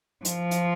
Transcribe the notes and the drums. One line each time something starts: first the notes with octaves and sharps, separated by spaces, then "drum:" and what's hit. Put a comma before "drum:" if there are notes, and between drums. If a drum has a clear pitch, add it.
F3, drum: hi-hat
drum: hi-hat